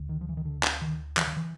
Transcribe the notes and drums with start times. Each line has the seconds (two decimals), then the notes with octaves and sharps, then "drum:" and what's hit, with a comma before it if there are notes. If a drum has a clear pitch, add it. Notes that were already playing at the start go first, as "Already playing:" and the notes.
Already playing: D2 D3
0.09 D#3
0.21 F3
0.29 E3
0.37 D#3
0.45 D3
0.63 drum: clap
0.82 D#3
1.17 E3, drum: clap
1.27 D#3
1.36 E3